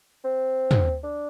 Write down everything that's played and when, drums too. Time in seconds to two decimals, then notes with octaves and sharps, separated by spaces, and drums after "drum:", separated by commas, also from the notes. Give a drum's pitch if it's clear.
0.24 C4
0.71 drum: tom
1.03 D4